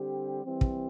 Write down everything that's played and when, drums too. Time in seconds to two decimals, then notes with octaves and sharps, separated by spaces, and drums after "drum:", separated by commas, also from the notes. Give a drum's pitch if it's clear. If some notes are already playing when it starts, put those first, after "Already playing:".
Already playing: D3 G3 C4 G4
0.44 E3 G3 C4
0.61 drum: kick